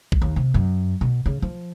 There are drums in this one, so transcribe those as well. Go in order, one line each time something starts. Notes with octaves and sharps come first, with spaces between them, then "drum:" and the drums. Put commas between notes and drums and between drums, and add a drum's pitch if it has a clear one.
drum: kick A#1
D#2
C3
F#2
B2
C#3
F3